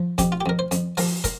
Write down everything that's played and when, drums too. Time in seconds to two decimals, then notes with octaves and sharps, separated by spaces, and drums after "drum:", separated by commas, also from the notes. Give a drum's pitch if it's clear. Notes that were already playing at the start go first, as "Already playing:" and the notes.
Already playing: F3
0.18 F2 G4, drum: kick, hi-hat
0.32 F4
0.41 G4
0.46 F2 A#4
0.59 C5
0.71 F2, drum: hi-hat
0.97 F3 A#4, drum: open hi-hat
1.24 A#4, drum: kick, hi-hat